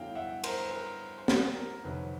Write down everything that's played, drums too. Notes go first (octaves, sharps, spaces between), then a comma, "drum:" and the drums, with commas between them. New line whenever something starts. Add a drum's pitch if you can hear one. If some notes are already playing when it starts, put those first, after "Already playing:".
Already playing: G2 D3 F#3 B3 E4 F5 G5
E5 F#5
A#4 C5, drum: cymbal
B4
A#4 C5
C5
B4, drum: snare
A#4
G1 F2 C3 D#3 F#3 B4